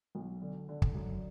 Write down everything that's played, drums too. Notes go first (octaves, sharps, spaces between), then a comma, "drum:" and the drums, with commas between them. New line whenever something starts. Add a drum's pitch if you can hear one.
B1
D3
D3
drum: kick
F#2